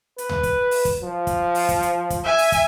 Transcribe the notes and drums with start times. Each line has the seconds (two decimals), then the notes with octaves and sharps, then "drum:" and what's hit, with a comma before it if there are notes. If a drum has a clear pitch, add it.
0.18 B4, drum: hi-hat
0.29 drum: tom D2
0.43 drum: kick, hi-hat
0.71 drum: open hi-hat
0.85 drum: kick, hi-hat
1.02 F3
1.27 drum: kick, hi-hat
1.55 drum: open hi-hat
1.69 drum: kick, hi-hat
1.83 drum: hi-hat
2.10 drum: kick, hi-hat
2.24 E5 G#5
2.38 drum: open hi-hat
2.52 drum: kick, hi-hat